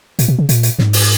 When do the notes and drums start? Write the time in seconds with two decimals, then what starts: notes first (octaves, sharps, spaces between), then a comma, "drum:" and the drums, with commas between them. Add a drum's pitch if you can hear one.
0.19 A#2, drum: hi-hat
0.28 B2
0.39 C#3
0.49 A#2, drum: hi-hat
0.63 drum: hi-hat
0.79 G#2, drum: snare
0.93 drum: open hi-hat